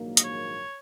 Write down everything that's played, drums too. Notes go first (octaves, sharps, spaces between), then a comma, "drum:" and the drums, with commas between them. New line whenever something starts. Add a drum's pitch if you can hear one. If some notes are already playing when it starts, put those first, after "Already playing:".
Already playing: A#1 G#2 D#3 F#3 A#3
D#5, drum: hi-hat
C#5